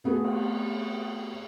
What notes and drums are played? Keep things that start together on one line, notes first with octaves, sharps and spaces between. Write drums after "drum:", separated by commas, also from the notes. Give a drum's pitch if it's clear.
A3 B3 C4 F#4 G#4 A4
drum: cymbal